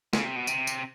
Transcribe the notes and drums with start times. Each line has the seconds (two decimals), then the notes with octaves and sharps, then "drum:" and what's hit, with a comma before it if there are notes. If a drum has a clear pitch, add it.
0.13 C#3, drum: snare
0.25 C3
0.36 B2
0.47 C3, drum: tambourine
0.67 drum: tambourine